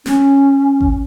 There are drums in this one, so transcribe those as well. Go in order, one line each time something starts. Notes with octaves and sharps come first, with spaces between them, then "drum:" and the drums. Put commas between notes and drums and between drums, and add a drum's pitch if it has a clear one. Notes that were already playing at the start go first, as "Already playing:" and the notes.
C#4, drum: snare
drum: kick G#1